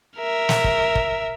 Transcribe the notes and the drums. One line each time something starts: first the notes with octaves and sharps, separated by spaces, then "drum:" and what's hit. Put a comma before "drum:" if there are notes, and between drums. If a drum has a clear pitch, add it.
A#4 E5
drum: snare
drum: kick
drum: kick